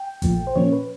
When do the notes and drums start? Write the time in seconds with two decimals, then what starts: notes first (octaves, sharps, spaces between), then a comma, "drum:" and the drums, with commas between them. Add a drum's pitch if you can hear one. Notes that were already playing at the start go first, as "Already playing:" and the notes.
Already playing: G5
0.22 A#2 F3 A3, drum: kick A1, hi-hat
0.47 C5
0.56 A#2 F3 A#3 C#4 C#5
0.73 B4